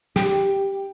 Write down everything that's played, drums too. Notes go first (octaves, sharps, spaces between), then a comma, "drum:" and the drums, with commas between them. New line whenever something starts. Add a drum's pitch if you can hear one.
G4, drum: snare